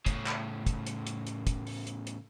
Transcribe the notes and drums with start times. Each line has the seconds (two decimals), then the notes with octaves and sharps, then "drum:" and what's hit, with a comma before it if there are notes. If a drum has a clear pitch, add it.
0.06 A2 C#3, drum: kick, hi-hat
0.26 drum: clap
0.66 drum: kick, hi-hat
0.87 drum: hi-hat
1.07 drum: hi-hat
1.27 drum: hi-hat
1.47 drum: kick, hi-hat
1.67 drum: open hi-hat
1.87 drum: hi-hat
2.07 drum: hi-hat